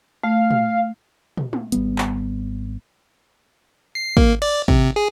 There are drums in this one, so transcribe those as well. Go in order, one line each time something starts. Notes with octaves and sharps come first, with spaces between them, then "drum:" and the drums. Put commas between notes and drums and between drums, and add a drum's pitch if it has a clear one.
A3 F5
drum: tom
drum: tom
drum: tom
G#1 G3 B3, drum: hi-hat
drum: clap
C7
A#3, drum: kick
D5, drum: cymbal
C3, drum: kick
G#4